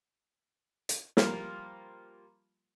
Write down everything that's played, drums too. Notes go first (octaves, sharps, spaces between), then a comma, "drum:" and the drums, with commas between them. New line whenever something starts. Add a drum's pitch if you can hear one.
drum: hi-hat
F3 G3 A#3 F4 A#4, drum: snare